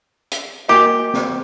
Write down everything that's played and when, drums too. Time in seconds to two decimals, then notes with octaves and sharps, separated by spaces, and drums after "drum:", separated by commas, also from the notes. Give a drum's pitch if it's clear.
0.31 drum: hi-hat
0.69 A#3 F#4 G4 A#4 D#5
1.14 drum: snare